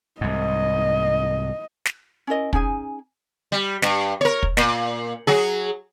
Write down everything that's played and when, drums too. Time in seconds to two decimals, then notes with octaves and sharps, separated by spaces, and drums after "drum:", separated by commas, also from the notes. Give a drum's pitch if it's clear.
0.21 C2 G#2 D#5
1.85 drum: snare
2.27 C#4 E4 A#4 D#5
2.53 C#4 D#4 G#4 G#5, drum: kick
3.52 G3
3.82 G2, drum: snare
4.21 A#4 C#5
4.43 drum: kick
4.57 A#2, drum: snare
5.27 F#3 F#4 G#4